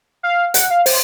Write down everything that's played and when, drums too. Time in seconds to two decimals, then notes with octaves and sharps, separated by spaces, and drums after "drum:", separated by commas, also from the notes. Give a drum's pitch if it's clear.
0.23 F5
0.54 F#5, drum: hi-hat
0.70 F5
0.86 C5, drum: open hi-hat